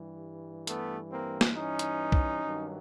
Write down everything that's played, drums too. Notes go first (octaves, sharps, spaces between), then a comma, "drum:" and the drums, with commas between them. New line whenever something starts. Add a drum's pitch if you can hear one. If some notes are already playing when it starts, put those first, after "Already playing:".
Already playing: G2 E3 G3
A3 B3, drum: hi-hat
A#3 C4
drum: snare
C#4 D#4
drum: hi-hat
drum: kick
G2 D#3 F#3